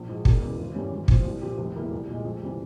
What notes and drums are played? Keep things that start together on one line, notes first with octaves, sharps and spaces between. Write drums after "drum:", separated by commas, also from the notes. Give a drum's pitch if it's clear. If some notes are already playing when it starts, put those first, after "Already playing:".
Already playing: A#1
G#2 F3
E1, drum: kick
E2 C#3
G#1
G2 E3 G3 C#4
G#1
G2 F3 C4, drum: kick
C2
A#2 F3 C4 G4
F1
E2 E3 A#3 E4
C2
A#2 G#3
F2
C3 E3 G3